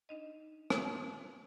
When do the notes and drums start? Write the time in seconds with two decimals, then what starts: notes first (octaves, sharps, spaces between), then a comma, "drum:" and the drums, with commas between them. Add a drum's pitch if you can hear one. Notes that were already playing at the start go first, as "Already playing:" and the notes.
0.09 D4 D#4 D#5
0.70 drum: rim click